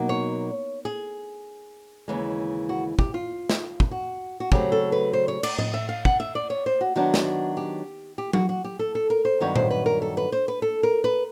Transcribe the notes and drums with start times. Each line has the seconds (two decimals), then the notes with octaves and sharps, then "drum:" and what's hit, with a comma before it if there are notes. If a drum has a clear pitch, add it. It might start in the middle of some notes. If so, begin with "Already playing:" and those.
Already playing: B2 F#3 A#3 D#4
0.09 C#5
0.85 G#4
2.08 D#2 C#3 E3 G#3
2.69 F#4
2.99 G4, drum: kick
3.14 F4
3.50 drum: snare
3.80 drum: kick
3.91 F#4
4.40 F#4
4.52 C#3 F#3 A3 C4 G4, drum: kick
4.72 A4
4.92 B4
5.13 C5
5.28 C#5
5.43 D5, drum: cymbal
5.59 D#5, drum: tom A2
5.74 E5
5.89 F5
6.05 F#5, drum: kick
6.20 E5
6.35 D5
6.50 C#5
6.66 C5
6.81 F#4
6.96 D#3 F#3 B3 D4 F#4
7.14 drum: snare
7.57 G4
8.18 G4
8.33 F#4, drum: tom F#3
8.49 F#4
8.64 G4
8.79 A4
8.95 A4
9.10 A#4
9.25 C5
9.40 G2 D#3 F#3 B3 C#5
9.56 C5, drum: tom A#2
9.70 B4
9.86 A#4
10.02 A4
10.17 B4
10.32 C5
10.48 B4
10.62 A4
10.83 A#4
11.04 B4